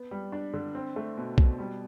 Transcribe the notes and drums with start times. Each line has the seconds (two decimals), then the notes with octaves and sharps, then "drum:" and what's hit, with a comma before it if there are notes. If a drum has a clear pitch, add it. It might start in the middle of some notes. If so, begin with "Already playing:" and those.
Already playing: B3
0.11 G3
0.32 D4
0.53 D3
0.75 C4
0.96 A3
1.17 B2
1.38 B2, drum: kick B1
1.59 G3